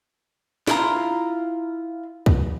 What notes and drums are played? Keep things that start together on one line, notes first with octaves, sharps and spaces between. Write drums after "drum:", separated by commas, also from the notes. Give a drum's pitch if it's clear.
E4 F4 A#5, drum: snare
drum: kick